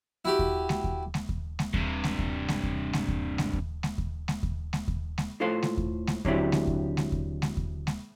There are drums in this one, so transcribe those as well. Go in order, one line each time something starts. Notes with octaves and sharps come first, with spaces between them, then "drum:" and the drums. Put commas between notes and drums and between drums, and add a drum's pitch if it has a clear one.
E4 F#4 G4
drum: kick D#2
drum: snare G#3
drum: kick D#2
drum: snare G#3
drum: kick D#2
drum: snare G#3
G2 C3, drum: kick D#2
drum: snare G#3
drum: kick D#2
drum: snare G#3
drum: kick D#2
drum: snare G#3
drum: kick D#2
drum: snare G#3
drum: kick D#2
drum: snare G#3
drum: kick D#2
drum: snare G#3
drum: kick D#2
drum: snare G#3
drum: kick D#2
drum: snare G#3
A2 F4 A4 C5 F5 C6
drum: snare G#3
drum: kick D#2
drum: snare G#3
D3 F#3 C4 E4 G4, drum: kick D#2
drum: snare G#3
drum: kick D#2
drum: snare G#3
drum: kick D#2
drum: snare G#3
drum: kick D#2
drum: snare G#3